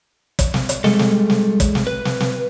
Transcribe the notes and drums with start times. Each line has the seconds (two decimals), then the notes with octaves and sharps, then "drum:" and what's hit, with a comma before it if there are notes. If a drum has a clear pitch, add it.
0.39 drum: kick, hi-hat
0.54 drum: snare
0.69 drum: hi-hat
0.84 G3 G#3 A4, drum: snare
0.99 drum: snare
1.30 drum: snare
1.60 drum: kick, hi-hat
1.75 drum: snare
1.87 B4
2.05 drum: snare
2.20 drum: snare